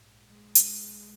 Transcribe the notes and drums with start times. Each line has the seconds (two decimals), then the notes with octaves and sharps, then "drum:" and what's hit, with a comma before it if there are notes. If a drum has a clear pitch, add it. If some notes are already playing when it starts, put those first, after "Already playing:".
Already playing: A#1 G#2
0.27 G#3
0.55 drum: hi-hat
0.82 B1 B2